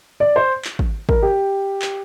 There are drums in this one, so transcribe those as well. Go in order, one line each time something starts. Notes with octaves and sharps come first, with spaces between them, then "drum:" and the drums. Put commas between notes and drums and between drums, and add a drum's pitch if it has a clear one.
D5
C5
drum: clap
drum: kick
A#4, drum: kick
G4
drum: clap